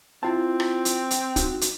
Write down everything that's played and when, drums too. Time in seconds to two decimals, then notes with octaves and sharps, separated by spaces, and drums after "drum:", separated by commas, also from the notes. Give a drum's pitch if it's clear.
0.23 C4 E4 F4 A5
0.60 drum: rim click
0.85 drum: hi-hat
1.11 drum: hi-hat
1.36 D#4 F#4, drum: kick, hi-hat
1.61 drum: hi-hat